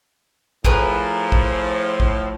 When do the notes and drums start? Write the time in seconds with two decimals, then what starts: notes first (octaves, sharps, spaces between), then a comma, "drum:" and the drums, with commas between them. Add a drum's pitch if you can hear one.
0.65 A2 F3 G#4 A#4 B4, drum: kick
1.32 drum: kick
2.00 drum: kick